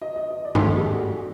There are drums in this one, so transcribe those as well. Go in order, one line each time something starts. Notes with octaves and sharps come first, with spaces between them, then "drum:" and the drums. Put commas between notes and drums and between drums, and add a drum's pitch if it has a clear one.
D#5
D#5
D#5
D5
A4, drum: tom
G#4
G4
F#4